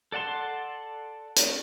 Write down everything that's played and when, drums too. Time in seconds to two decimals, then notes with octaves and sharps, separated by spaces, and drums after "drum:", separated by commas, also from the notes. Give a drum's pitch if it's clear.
0.12 A4 D5 F#5 A5 C6
1.36 drum: hi-hat